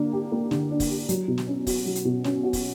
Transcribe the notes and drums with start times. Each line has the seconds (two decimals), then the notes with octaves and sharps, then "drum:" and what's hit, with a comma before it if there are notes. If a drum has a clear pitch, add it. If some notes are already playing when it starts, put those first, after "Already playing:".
Already playing: D3 A#3 D4
0.13 G4
0.32 A#3
0.51 D3, drum: snare
0.70 D4
0.80 drum: kick, open hi-hat
0.90 G4
1.09 F#3, drum: hi-hat
1.28 B2
1.38 drum: snare
1.47 C#4
1.67 F#4, drum: kick, open hi-hat
1.86 F#3
1.95 drum: hi-hat
2.05 B2
2.24 C#4, drum: snare
2.43 F#4
2.53 drum: kick, open hi-hat